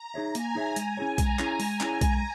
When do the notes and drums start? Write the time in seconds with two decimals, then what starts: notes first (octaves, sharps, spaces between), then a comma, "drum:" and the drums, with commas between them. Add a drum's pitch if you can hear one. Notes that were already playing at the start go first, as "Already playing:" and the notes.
Already playing: A#5
0.14 D#4 G#4 C#5 E5
0.35 A#3 G#5, drum: hi-hat
0.55 D#4 G#4 C#5 E5
0.76 G#3, drum: hi-hat
0.97 C#4 E4 G#4 C#5
1.18 G#3 A#5, drum: kick B1, hi-hat
1.39 C#4 E4 G#4 C#5, drum: clap
1.60 G#3, drum: open hi-hat
1.81 C#4 E4 G#4 C#5, drum: clap
2.01 G#3, drum: kick B1, hi-hat